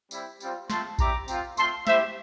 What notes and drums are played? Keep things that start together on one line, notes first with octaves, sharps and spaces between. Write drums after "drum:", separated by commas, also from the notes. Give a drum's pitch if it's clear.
G3 C4 E4 G4, drum: tambourine
G3 C4 F4, drum: tambourine
A3 C4 F4 A5 C6, drum: snare
G3 C4 E4 G4 A#5 D6, drum: kick A#1, tambourine
C4 F4, drum: tambourine
A3 C4 F4 A5 C6, drum: tambourine
A3 E4 G4 C5 E5, drum: snare